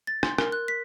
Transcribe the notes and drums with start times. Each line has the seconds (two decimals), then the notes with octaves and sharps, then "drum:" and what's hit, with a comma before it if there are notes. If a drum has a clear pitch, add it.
0.07 A6
0.23 C6, drum: rim click
0.38 A#4, drum: rim click
0.52 F#6
0.68 B6